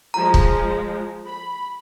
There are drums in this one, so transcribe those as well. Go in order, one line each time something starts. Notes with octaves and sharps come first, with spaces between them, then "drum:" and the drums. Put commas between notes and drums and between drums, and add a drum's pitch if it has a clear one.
F3 G#3 A#5
drum: kick
B5